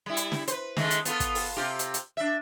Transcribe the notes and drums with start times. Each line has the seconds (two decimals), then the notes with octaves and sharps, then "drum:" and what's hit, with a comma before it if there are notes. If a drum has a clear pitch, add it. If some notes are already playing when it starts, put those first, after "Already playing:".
0.06 G3 E4
0.17 drum: hi-hat
0.32 drum: snare
0.48 B4 C5, drum: hi-hat
0.77 D#3 G#3 A3, drum: snare
0.91 drum: hi-hat
1.05 B3 F4 A4, drum: hi-hat
1.20 drum: kick, hi-hat
1.35 drum: open hi-hat
1.57 C3 F4 G4
1.79 drum: hi-hat
1.94 drum: hi-hat
2.17 D4 E5